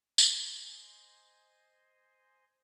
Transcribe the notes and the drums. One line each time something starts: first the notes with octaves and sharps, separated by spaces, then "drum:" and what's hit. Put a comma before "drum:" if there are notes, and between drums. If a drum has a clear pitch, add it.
C5 D#5 G#5 C6, drum: tambourine